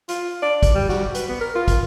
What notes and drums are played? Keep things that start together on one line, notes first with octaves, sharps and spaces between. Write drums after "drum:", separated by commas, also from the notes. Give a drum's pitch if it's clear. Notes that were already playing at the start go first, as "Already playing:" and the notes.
F4, drum: hi-hat
D5
drum: kick, hi-hat
G3
F#4, drum: snare
B4, drum: hi-hat
B3
A#4
F4
drum: kick, hi-hat